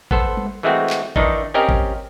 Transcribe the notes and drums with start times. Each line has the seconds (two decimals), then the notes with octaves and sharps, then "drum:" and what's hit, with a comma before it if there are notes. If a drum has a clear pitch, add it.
0.11 B3 A4 C5, drum: kick G#1
0.37 drum: tom G3
0.63 E3 G#3 A3 C4 F#4
0.90 drum: clap
1.16 D#3 E3 D4 D#4, drum: kick G#1
1.54 C4 C#4 G4 A#4 D#5
1.69 drum: kick G#1